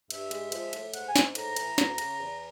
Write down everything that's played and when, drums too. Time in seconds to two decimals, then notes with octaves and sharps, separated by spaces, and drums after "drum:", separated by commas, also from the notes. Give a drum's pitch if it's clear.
0.10 G2 E5, drum: cymbal
0.31 G#3, drum: cymbal
0.52 F3, drum: cymbal
0.73 A2, drum: cymbal
0.94 G#2 F#5, drum: cymbal
1.08 G#5
1.16 G#2, drum: snare
1.35 A2 A#5, drum: cymbal
1.56 E3, drum: cymbal
1.78 D2, drum: snare
1.98 C#3, drum: cymbal
2.20 E2